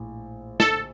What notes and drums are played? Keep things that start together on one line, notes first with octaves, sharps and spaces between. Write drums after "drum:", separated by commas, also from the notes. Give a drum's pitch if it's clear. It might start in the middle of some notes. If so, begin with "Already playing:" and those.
Already playing: A#1 A2
A4, drum: snare